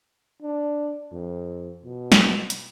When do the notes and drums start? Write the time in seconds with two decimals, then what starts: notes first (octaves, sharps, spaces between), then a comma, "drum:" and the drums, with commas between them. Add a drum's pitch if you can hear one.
0.42 D4
1.11 F2
1.84 B2
2.12 drum: snare
2.50 drum: hi-hat